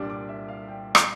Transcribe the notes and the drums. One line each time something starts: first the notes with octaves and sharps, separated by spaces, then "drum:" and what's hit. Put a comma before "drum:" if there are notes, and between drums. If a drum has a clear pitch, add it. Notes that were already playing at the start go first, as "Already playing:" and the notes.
Already playing: C2 A#2 G3 D4
D6
E5
F5
G5
drum: rim click